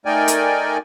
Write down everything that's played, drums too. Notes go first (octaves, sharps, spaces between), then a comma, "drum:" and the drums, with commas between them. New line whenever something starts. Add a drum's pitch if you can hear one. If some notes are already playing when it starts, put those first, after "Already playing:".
A3 D#4 A#4 D5 G5 G#5
drum: hi-hat